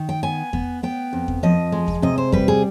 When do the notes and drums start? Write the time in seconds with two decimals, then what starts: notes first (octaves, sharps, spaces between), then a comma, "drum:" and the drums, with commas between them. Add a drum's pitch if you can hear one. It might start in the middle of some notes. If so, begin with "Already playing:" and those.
Already playing: D#3
0.09 G5
0.23 B3 G#5
0.53 B3, drum: kick E2
0.83 B3 G5
1.13 F2
1.28 drum: kick E2
1.43 F3 D#5
1.72 G#3
1.88 drum: kick E2
2.02 C3 D#5
2.18 C5
2.32 G3 B4, drum: kick E2
2.48 G#4